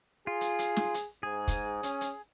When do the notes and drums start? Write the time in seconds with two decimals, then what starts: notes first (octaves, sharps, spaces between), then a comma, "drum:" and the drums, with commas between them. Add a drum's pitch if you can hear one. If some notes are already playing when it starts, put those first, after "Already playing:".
0.27 F4 G#4
0.41 drum: hi-hat
0.59 drum: hi-hat
0.77 drum: snare
0.94 drum: hi-hat
1.23 G#2 G#4
1.48 drum: kick, hi-hat
1.83 C#4, drum: hi-hat
2.01 drum: hi-hat